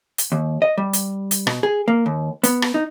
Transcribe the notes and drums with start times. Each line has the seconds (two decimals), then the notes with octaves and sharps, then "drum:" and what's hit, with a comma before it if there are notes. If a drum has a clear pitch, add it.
0.18 drum: hi-hat
0.32 D#2
0.62 D#5
0.78 G3
0.93 drum: hi-hat
1.31 drum: hi-hat
1.47 B2, drum: rim click
1.63 G#4
1.88 A#3
2.06 D#2
2.43 B3, drum: hi-hat
2.62 drum: rim click
2.74 D#4